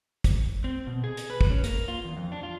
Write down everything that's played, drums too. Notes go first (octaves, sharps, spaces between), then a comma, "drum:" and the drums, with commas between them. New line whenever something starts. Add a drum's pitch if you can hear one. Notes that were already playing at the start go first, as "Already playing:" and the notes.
drum: kick, hi-hat
C4
B2
G#4
drum: hi-hat
B4
drum: kick
C#4
A#3, drum: hi-hat
F4
E2
F2
D4
F4